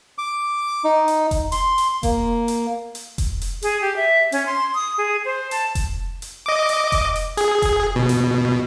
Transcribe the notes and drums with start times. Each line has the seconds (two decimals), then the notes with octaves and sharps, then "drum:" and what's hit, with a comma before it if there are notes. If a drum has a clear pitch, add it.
0.18 D6
0.84 D#4
1.08 drum: hi-hat
1.31 drum: kick F1, hi-hat
1.52 C6, drum: hi-hat
1.78 drum: hi-hat
2.03 A#3, drum: kick F1, hi-hat
2.48 drum: hi-hat
2.95 drum: hi-hat
3.18 drum: kick F1, hi-hat
3.41 drum: hi-hat
3.62 G#4, drum: hi-hat
3.82 G4
3.96 E5
4.32 C#4, drum: hi-hat
4.46 C6
4.74 D#6
4.98 G#4
5.25 C5
5.51 A5, drum: hi-hat
5.75 drum: kick F1, hi-hat
6.22 drum: hi-hat
6.46 D#5 D6
6.69 drum: hi-hat
6.92 drum: kick F1, hi-hat
7.16 drum: hi-hat
7.37 G#4, drum: hi-hat
7.62 drum: kick F1, hi-hat
7.96 B2
8.09 drum: hi-hat